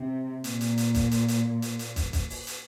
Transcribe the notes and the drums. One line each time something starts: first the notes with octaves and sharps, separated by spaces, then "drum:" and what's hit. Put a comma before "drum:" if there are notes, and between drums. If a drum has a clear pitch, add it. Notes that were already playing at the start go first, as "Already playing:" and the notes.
Already playing: C3
A#2, drum: hi-hat
drum: hi-hat
drum: hi-hat
drum: kick, hi-hat
drum: hi-hat
drum: hi-hat
drum: hi-hat
drum: hi-hat
drum: kick, hi-hat
drum: kick, hi-hat
drum: open hi-hat
drum: hi-hat